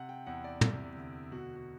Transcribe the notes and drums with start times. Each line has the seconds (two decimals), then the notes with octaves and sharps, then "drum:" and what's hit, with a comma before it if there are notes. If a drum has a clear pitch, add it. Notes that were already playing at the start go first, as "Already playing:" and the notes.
Already playing: C3 F#5
0.09 G5
0.26 E2 F#5
0.44 D5
0.61 C3, drum: tom
0.96 D2
1.31 B2 F#4
1.56 F#4